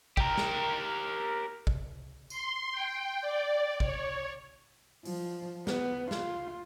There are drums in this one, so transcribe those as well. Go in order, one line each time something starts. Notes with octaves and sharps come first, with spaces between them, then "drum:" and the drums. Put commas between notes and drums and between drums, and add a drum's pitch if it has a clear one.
G4 A#4, drum: kick
drum: snare
drum: kick
C6, drum: tambourine
G5
D5
C#5, drum: kick
F3, drum: open hi-hat
B3, drum: snare
F4, drum: snare